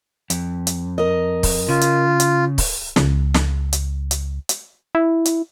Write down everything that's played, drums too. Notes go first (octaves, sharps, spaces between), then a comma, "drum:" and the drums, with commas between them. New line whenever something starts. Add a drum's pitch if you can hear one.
F2, drum: hi-hat
drum: hi-hat
A#4 D#5
drum: kick, open hi-hat
C#3 F4
drum: hi-hat
drum: hi-hat
drum: kick, open hi-hat
C#2, drum: snare
drum: snare
drum: hi-hat
drum: hi-hat
drum: hi-hat
E4
drum: hi-hat